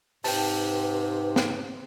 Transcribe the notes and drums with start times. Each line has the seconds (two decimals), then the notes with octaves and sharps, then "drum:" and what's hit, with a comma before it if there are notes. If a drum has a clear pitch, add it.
0.24 G#2 C3 B4 G5 A5, drum: open hi-hat
1.36 drum: snare